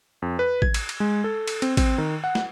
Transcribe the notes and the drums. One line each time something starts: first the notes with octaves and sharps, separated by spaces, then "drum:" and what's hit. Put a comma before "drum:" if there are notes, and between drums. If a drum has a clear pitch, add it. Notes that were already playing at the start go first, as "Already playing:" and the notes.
F2
B4
G#6, drum: kick A1
drum: cymbal
drum: cymbal
G#3
A4
drum: cymbal
C4, drum: cymbal
C4, drum: kick A1, cymbal
D#3
F#5
drum: snare